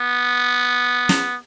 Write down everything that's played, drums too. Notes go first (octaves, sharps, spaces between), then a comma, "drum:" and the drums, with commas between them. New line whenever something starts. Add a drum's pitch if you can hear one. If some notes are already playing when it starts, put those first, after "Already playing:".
Already playing: B3
drum: snare